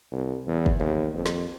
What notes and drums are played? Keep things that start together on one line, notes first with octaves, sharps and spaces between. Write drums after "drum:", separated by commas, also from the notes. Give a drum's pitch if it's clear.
C2
E2
drum: kick
D#2
F2
drum: snare